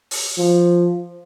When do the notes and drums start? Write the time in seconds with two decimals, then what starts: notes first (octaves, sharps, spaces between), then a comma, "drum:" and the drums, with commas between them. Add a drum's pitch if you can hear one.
0.11 drum: open hi-hat
0.38 F3